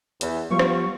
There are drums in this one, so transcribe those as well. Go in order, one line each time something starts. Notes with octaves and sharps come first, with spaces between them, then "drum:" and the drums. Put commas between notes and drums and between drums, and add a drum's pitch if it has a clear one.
E2, drum: hi-hat
F3 G3 B3 F5 C#6
drum: rim click